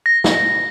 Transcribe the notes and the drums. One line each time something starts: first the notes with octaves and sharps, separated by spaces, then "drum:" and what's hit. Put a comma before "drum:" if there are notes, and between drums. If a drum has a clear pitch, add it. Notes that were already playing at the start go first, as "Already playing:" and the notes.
A#6
drum: snare